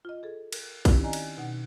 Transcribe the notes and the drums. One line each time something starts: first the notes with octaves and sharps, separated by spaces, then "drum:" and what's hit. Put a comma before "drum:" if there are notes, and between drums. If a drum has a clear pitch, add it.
F4 D#5
G#4 A4
A#4, drum: cymbal
D#3 C4 C#4 D#4 E4 G4, drum: kick A#1, cymbal
D5 D#5 G#5 A#5
drum: cymbal
B2 D#4 F#5